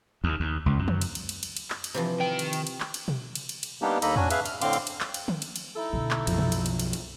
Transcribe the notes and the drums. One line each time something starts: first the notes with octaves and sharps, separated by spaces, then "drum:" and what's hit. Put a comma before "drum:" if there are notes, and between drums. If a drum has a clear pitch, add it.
D#2
D#2
C#2
F#2
drum: tom
drum: cymbal
drum: cymbal
drum: cymbal
drum: cymbal
drum: cymbal
drum: clap
drum: cymbal
C3 E3 F3
D#3 G5
drum: cymbal
drum: cymbal
drum: cymbal
drum: clap
drum: cymbal
drum: tom B2
drum: cymbal
drum: cymbal
drum: cymbal
G3 A#3 B3 D4 D#4 G4
D#2 A#3 D#4 A4 D#5 B5, drum: cymbal
C#4 D4 F#4 G#5, drum: tom E2
G#4 B4 E5 F5, drum: cymbal
F6, drum: cymbal
A2 D3 C4 F5 C6 D6, drum: cymbal
drum: cymbal
drum: cymbal
drum: clap
drum: cymbal
drum: tom
drum: cymbal
drum: cymbal
D#4 E4 A4
B2 D3
drum: clap
B1 F#2 F3, drum: cymbal
drum: tom B2
drum: cymbal
drum: cymbal
drum: cymbal
drum: cymbal